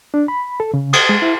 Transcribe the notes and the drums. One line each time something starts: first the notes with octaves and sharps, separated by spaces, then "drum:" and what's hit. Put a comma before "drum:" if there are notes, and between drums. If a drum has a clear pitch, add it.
D4
B5
A4
C#3
D#6, drum: cymbal
G#3
E4